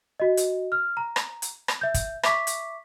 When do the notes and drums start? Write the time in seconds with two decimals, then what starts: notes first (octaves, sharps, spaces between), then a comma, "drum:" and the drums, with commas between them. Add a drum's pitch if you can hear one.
0.20 F#4 D#5
0.37 drum: hi-hat
0.72 F6
0.97 A#5
1.16 drum: rim click
1.42 drum: hi-hat
1.68 drum: rim click
1.81 E5 G6
1.94 drum: kick, hi-hat
2.23 E5 C#6 D6 B6, drum: rim click
2.47 drum: hi-hat